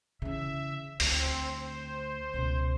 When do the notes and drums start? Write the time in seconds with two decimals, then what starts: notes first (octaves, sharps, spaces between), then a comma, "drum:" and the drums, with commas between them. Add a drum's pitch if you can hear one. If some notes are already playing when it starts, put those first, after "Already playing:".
0.22 C#3 E3 E5
1.00 D2 C4, drum: open hi-hat
1.58 C5
2.33 C#2 B2